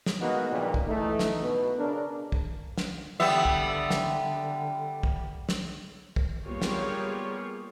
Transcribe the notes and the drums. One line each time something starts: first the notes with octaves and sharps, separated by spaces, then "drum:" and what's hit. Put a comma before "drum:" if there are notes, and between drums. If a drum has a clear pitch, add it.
drum: snare
G#3 A#3 B3 D#4 F#4
G2 A#2 C#3 F3 G3 D#4
drum: kick
E3 A3 D#4
drum: snare
B2 B4
C#3 D4 A#4
drum: kick
drum: snare
D3 G3 B3 E5
drum: kick
drum: snare
drum: kick
drum: snare
drum: kick
G3 A#3 B3 F4 G#4 C#5
drum: snare